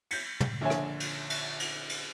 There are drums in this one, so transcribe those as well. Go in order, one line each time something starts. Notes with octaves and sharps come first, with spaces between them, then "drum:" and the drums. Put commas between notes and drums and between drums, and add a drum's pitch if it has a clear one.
G6 C#7, drum: cymbal
drum: tom
A#1 D3 C#5 E5 G#5
drum: rim click
drum: cymbal
drum: cymbal
drum: cymbal
drum: cymbal